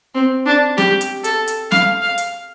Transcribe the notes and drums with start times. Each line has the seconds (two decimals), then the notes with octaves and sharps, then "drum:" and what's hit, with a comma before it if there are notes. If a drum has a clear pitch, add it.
0.15 C4
0.46 D4
0.78 G4, drum: snare
1.01 drum: hi-hat
1.24 A4, drum: hi-hat
1.47 drum: hi-hat
1.71 F5, drum: snare
2.01 F5
2.18 drum: hi-hat